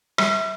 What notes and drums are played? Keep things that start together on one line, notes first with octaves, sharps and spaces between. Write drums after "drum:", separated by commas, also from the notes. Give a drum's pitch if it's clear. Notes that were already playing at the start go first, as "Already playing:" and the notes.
G3, drum: rim click